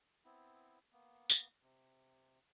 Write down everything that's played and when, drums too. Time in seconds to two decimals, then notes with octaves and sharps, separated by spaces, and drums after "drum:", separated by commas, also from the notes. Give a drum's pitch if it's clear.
0.25 B3 C4 E4
0.93 A#3 B3
1.30 drum: tambourine
1.62 C3